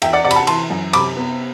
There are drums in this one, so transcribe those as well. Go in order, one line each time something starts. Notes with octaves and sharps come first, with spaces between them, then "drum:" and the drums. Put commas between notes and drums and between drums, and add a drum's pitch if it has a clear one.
E2 E5 G5, drum: cymbal
D5 F#5
C3 D5 F#5
B5, drum: cymbal
F#5 A5
E3 A5 C6, drum: cymbal
F#2
C3 B5 D6, drum: cymbal
B3